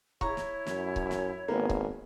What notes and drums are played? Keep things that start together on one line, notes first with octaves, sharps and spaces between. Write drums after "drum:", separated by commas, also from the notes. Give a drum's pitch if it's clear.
E4 C#5 A#5 C#6, drum: kick C#1
drum: snare
F#2, drum: snare
drum: kick C#1
drum: snare
G#1 A#3 B3
drum: kick C#1